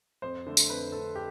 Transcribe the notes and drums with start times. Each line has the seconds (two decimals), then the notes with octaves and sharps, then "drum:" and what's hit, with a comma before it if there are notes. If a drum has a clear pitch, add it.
0.22 F2 C5
0.47 D3 A3
0.57 drum: tambourine
0.69 F2 B4
0.92 D3 A3 A4
1.15 G4